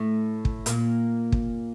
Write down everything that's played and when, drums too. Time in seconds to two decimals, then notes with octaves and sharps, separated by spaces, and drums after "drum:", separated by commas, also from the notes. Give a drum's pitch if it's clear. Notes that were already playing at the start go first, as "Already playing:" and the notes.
Already playing: A2 A3
0.45 drum: kick
0.66 A#2 A#3, drum: hi-hat
1.32 drum: kick